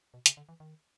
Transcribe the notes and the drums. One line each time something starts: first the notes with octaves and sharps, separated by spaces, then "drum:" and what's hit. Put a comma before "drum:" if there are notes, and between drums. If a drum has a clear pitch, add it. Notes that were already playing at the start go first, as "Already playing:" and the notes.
B2
C#3, drum: hi-hat
D3
E3
D#3